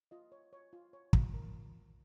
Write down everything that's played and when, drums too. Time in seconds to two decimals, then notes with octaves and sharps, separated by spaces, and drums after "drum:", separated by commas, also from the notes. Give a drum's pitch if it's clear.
0.11 F4 D#5
0.32 C#5
0.53 C#5
0.73 F4
0.93 C#5
1.13 F4, drum: kick
1.34 A#4